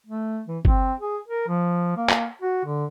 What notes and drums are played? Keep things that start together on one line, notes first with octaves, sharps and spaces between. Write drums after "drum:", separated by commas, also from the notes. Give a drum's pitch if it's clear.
A3
E3
C4, drum: kick G1
G#4
A#4
F3
A#3
drum: clap
F#4
D3